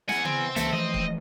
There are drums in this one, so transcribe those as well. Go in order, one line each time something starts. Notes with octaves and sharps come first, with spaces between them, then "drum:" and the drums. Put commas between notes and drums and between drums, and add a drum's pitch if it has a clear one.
E2 F#5 G#5, drum: snare
C4, drum: tom C#3
C#2 E3 A#3 A4 E5, drum: hi-hat
E3 F3 A3 D#5
drum: kick